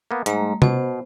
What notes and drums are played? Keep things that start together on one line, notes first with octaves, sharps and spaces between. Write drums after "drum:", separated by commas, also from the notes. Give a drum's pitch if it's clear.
A#3 B3
G#2 G3 A3 A#5, drum: hi-hat
B2 B3 C5, drum: tom C3